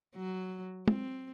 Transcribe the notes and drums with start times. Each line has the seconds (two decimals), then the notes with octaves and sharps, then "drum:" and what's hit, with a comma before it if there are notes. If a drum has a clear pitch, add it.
0.15 F#3
0.88 C4, drum: tom